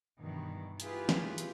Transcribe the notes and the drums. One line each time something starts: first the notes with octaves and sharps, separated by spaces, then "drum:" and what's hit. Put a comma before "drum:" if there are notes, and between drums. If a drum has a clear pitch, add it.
G2 B2 D#3 E3
E4 F4 G4 G#4 B4, drum: hi-hat
drum: snare
drum: hi-hat